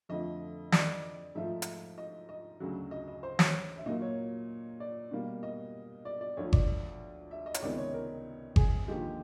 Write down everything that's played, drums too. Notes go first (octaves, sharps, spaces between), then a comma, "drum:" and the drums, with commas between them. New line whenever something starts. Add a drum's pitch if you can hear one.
F2 D3 F3 A3 D#5
D5, drum: snare
G#2 F3 A3 E5
drum: hi-hat
D#5
D#5
D2 C#3 F#3
D#5
D#5
C5
C#5, drum: snare
E5
A#2 F#3 A#3 D#5
C#5
D5
B2 G3 A#3
D#5
D5
D5
D2 D3 F3 C#5
D5, drum: kick G1
E5
D#5
C#5, drum: hi-hat
C#2 C3 D#3 G#3 B3 D5
C#5
A#4
G#4, drum: kick G1
D#2 D3 F3 G#3 G4